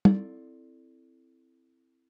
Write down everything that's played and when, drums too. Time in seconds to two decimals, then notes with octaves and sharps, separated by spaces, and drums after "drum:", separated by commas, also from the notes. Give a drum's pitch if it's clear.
0.05 C4 E4 A4 D5, drum: tom